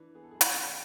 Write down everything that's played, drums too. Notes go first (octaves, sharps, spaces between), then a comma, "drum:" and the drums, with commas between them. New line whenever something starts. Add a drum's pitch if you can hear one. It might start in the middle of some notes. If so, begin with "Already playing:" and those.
Already playing: E3 D4
B3 G#4
A4
F#2 G#4
drum: hi-hat
B2